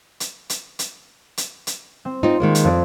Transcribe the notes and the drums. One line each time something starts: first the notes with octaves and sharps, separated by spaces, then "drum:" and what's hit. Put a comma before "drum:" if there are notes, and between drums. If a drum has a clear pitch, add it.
drum: hi-hat
drum: hi-hat
drum: hi-hat
drum: hi-hat
drum: hi-hat
C4
C4 D#4 F4
D#3 G#3 A#3
drum: hi-hat
F2 D5